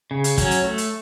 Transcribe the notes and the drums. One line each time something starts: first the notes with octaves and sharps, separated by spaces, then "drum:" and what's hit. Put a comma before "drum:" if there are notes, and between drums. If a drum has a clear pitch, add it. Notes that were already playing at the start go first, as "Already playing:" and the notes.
C#3
drum: hi-hat
F#3 C#4, drum: kick, hi-hat
drum: hi-hat
A3
drum: hi-hat